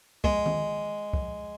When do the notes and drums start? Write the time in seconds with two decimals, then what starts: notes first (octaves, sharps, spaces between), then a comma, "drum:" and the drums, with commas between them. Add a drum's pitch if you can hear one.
0.24 G#3, drum: kick
0.46 drum: tom D#3
1.13 drum: kick